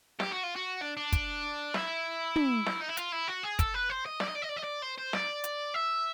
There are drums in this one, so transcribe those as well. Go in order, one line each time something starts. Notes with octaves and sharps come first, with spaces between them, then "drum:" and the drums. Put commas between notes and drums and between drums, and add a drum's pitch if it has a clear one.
G4, drum: snare
F#4
F4
F#4
D4
D4
drum: kick, hi-hat
E4, drum: snare
drum: tom
drum: snare
D#4
E4
F4, drum: hi-hat
E4
F#4
G#4
A4, drum: kick, hi-hat
B4
C5
D#5
D5, drum: snare
D#5
D5
D#5
D5
D#5
D5
C5
C5
D5, drum: snare
drum: hi-hat
E5